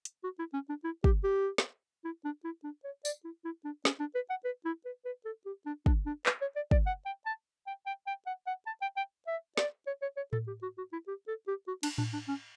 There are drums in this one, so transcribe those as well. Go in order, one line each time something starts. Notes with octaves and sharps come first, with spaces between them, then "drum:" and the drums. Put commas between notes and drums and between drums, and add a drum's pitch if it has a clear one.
drum: hi-hat
F#4
E4
C#4
D4
E4
G4, drum: kick
G4
drum: snare
E4
D4
E4
D4
C#5
D5, drum: tambourine
E4
E4
D4
C#4, drum: snare
D4
B4
F#5
B4
E4
B4
B4
A4
G4
D4
D4, drum: kick
D4
B4, drum: clap
C#5
D5
D5, drum: kick
F#5
G5
A5
G5
G5
G5
F#5
F#5
A5
G5
G5
E5
D5, drum: snare
C#5
C#5
C#5
A4, drum: tom A2
G4
F#4
F#4
E4
G4
A4
G4
F#4
D4, drum: cymbal
D4, drum: tom A2
D4
C#4